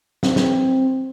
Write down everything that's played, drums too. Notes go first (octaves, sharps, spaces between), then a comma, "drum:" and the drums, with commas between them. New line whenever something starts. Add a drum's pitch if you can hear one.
C4, drum: snare
drum: snare